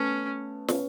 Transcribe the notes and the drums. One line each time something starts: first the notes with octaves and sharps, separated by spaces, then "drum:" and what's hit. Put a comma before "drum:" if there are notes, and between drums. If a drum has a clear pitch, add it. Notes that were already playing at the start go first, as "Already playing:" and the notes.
Already playing: A3 B3 C#4
B3 C#4, drum: snare